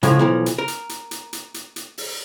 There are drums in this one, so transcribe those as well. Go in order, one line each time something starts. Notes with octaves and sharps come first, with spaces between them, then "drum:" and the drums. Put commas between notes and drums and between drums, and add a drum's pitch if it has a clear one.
A2 C#3 F3 G#3 E4, drum: hi-hat
B1 E3 F3
drum: hi-hat
A#4
drum: hi-hat
drum: hi-hat
drum: hi-hat
drum: hi-hat
drum: hi-hat
drum: hi-hat
drum: open hi-hat